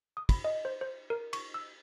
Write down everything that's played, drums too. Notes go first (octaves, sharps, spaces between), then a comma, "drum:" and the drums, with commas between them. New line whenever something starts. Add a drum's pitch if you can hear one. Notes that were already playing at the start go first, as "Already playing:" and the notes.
D#6
B5, drum: kick, cymbal
D#5
C5
C5
A#4
C#6, drum: cymbal
E6